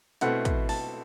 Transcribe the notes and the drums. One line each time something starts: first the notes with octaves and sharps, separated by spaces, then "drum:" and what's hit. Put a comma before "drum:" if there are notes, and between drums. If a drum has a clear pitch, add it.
B2 A3 C4 E4 F#5, drum: hi-hat
drum: kick, hi-hat
A5, drum: open hi-hat